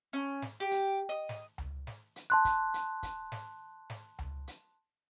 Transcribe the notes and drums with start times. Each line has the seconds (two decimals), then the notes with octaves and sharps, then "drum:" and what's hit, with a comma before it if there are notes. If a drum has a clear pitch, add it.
0.13 C#4
0.42 drum: snare
0.60 G4
0.71 drum: hi-hat
1.09 D#5
1.29 drum: snare
1.58 drum: tom C#2
1.87 drum: snare
2.16 drum: hi-hat
2.30 A5 C6 F#6
2.45 drum: kick, hi-hat
2.74 drum: hi-hat
3.03 drum: kick, hi-hat
3.32 drum: snare
3.90 drum: snare
4.19 drum: tom C#2
4.48 drum: hi-hat